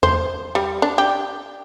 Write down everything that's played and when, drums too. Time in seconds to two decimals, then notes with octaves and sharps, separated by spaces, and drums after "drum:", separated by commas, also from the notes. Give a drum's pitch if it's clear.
0.03 C5, drum: tom E2
0.55 G3
0.82 D4
0.98 G4